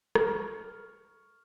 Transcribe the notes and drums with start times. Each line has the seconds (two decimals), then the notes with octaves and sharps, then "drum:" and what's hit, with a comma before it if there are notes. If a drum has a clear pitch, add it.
0.15 C#6 F6, drum: rim click